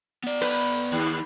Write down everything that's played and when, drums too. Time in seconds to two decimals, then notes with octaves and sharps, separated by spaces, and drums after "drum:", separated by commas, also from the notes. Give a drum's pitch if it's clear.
0.24 B3 D5
0.42 B4, drum: cymbal
0.92 D#2